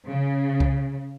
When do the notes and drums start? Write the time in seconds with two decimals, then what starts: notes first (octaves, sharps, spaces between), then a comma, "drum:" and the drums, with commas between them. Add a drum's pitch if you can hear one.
0.10 C#3
0.60 drum: kick C2